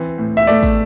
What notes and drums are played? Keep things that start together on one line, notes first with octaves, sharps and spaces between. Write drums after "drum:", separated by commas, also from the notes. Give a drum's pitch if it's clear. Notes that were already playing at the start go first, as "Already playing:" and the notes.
Already playing: E3 C4
A2
E5
A3 D5, drum: open hi-hat
drum: kick, open hi-hat